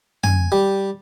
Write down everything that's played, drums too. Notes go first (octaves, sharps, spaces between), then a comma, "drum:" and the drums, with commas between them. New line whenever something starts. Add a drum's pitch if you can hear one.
G#5, drum: tom
G3